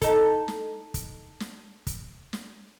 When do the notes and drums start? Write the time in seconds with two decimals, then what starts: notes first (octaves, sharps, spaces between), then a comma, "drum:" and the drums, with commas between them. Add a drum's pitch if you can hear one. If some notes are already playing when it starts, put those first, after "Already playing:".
0.02 D#4 A4, drum: kick, hi-hat
0.48 drum: snare
0.94 drum: kick, hi-hat
1.40 drum: snare
1.87 drum: kick, hi-hat
2.33 drum: snare